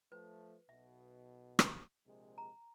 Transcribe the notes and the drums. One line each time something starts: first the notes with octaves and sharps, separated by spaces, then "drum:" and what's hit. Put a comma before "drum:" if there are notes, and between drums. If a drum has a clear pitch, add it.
F3 A3 B4
B1 B2 E5
drum: rim click
A#1 C3 G#3
A#5